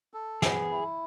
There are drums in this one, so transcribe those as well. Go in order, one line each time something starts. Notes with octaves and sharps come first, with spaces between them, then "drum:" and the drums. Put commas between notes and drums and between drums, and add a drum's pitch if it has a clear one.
A4
B3 G#4, drum: snare
E4